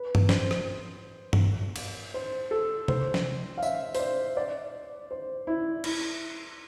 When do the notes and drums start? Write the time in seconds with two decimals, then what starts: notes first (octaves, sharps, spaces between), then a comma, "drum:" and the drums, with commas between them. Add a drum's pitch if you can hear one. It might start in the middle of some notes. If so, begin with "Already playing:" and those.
Already playing: B4
0.15 drum: tom G2
0.29 C5, drum: snare
0.51 drum: rim click
1.33 drum: tom G2
1.76 drum: cymbal
2.14 C5
2.51 A4
2.88 C5, drum: tom C3
3.14 drum: snare
3.58 F5
3.63 E5, drum: tambourine
3.95 C5, drum: open hi-hat
3.99 D5
4.37 D5
5.11 C5
5.47 E4
5.84 E4, drum: cymbal